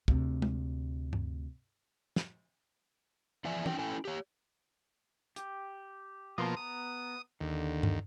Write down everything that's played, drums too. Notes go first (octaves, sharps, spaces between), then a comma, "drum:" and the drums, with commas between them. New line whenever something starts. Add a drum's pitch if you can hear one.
D2 C3, drum: kick
drum: tom G#3
drum: tom G2
drum: snare
E3 F3 D5 E5 G#5
C#4 D#4 G5, drum: tom
C#4 E4 A4 G5 G#5
G4 C#5
G4, drum: hi-hat
B2 F3 A#3 A5 C6 D#6
B3 A#5 D#6
D#2 D3
drum: tom G2